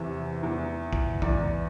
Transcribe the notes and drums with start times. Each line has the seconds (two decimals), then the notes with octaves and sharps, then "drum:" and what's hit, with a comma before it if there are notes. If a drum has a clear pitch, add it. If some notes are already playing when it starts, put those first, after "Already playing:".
Already playing: E2 C3 E3 E5
0.43 E2 E3
0.93 drum: kick
1.22 E2 E3 D5, drum: kick